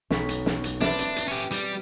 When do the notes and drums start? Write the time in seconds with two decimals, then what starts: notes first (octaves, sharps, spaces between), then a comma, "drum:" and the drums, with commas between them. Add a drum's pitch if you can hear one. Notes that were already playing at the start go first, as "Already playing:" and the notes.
0.10 B1 C#5 B6, drum: snare
0.29 drum: hi-hat
0.46 drum: snare
0.64 drum: hi-hat
0.81 C4 D4 B4 E5, drum: snare
0.99 drum: hi-hat
1.16 drum: hi-hat
1.28 C#4 G4
1.51 G3, drum: hi-hat